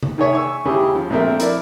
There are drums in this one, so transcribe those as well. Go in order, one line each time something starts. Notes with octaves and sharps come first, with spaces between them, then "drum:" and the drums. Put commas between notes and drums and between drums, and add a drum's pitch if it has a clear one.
drum: tom C3
D#3 G#4 C#5 E5
G#5 C#6 E6
D#2 C#3 E4 G4 G#4
F3
A#1 A3 C4 A#4 E5
E4 A#4 D5, drum: hi-hat